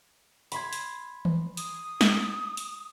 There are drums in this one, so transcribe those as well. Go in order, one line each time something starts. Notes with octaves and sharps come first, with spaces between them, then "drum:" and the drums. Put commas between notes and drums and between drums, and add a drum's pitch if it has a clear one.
B5 C6 G#6, drum: hi-hat
drum: hi-hat
drum: tom D#3
D#6, drum: hi-hat
drum: snare
drum: hi-hat